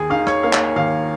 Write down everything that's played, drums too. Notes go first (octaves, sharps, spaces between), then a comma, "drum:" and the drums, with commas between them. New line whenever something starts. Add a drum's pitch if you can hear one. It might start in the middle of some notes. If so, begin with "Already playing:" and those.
Already playing: D#2 G#4
D#3 F5
C#5, drum: rim click
A#3 F5
drum: clap
D#2 F5